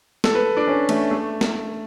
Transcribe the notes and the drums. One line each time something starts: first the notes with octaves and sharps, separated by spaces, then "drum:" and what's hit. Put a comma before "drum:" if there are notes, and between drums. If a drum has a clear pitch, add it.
A4, drum: snare
B4
D4
C#4
A3, drum: cymbal
A3
drum: snare